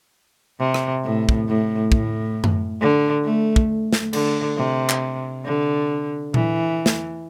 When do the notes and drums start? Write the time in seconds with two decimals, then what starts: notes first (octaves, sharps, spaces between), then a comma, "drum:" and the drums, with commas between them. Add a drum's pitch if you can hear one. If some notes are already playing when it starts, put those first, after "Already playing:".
0.59 C3
0.74 drum: rim click
1.04 A2
1.29 drum: kick
1.48 A2
1.92 A2, drum: kick
2.44 drum: tom F#2
2.81 D3
3.24 A3
3.56 drum: kick
3.93 drum: snare
4.13 D3, drum: cymbal
4.57 C3
4.89 drum: clap
5.45 D3
6.34 E3, drum: tom A#2
6.86 drum: snare